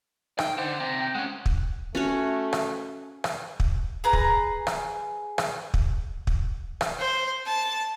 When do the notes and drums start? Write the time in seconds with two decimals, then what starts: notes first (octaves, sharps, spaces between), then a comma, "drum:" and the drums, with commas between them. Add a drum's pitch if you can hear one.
0.39 D#4 G5, drum: rim click
0.58 D3 C5
0.80 C3
0.99 G5
1.15 G#3 C#4 F#5
1.46 drum: kick
1.95 A3 C#4 F#4 C#5
2.53 drum: rim click
3.24 drum: rim click
3.60 drum: kick
4.04 G#4 B4 A#5
4.13 drum: kick
4.67 drum: rim click
5.38 drum: rim click
5.74 drum: kick
6.27 drum: kick
6.81 drum: rim click
6.99 C5
7.46 A5